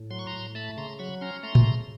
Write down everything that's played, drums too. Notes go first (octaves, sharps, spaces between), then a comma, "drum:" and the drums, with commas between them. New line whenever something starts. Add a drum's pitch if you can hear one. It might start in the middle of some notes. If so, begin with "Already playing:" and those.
Already playing: A2
F#3 C6
C#6
A#5 C6
A2
A3 A5 B5
C#3 A#5 C6
F#3 B5 C#6
C#4 A#5 C6
A3 A#5 C6
drum: tom A2
C#3